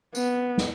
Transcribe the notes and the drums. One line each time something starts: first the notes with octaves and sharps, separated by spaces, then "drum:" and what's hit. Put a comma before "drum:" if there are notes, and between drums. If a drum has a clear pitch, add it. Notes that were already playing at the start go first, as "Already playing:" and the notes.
B3, drum: tambourine
drum: snare